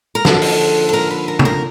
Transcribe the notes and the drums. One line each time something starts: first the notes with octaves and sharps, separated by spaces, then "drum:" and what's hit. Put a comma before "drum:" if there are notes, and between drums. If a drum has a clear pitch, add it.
A#4
D#2 D3 F3 A4, drum: snare F#4
drum: open hi-hat
A4
A#4
B4
A#4
A4, drum: tom
A#4